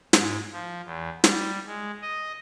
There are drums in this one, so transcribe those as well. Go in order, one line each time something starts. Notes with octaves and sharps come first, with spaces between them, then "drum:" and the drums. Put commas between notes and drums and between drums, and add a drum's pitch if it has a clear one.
G#2, drum: snare
F3
E2
G3, drum: snare
G#3
D#5